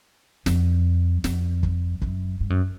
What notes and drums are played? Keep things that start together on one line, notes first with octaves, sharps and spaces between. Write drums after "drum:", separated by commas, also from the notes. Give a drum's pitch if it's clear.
F2, drum: snare
F2, drum: snare
drum: kick
F#2, drum: kick
G2
F#2